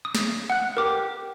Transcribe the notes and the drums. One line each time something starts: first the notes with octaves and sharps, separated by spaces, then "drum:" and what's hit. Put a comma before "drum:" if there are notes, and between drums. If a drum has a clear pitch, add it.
D#6
drum: snare
F#5 F#6
G4 A#4 D6